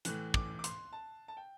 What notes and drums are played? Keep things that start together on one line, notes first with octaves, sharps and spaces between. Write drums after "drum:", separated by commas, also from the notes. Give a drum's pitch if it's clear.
A2 E3 F#6, drum: hi-hat
D6, drum: kick
D6
C6, drum: hi-hat
A5
A5
G5